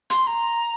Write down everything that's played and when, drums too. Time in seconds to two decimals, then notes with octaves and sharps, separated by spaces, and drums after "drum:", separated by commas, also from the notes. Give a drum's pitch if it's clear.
0.10 C6, drum: hi-hat
0.27 A#5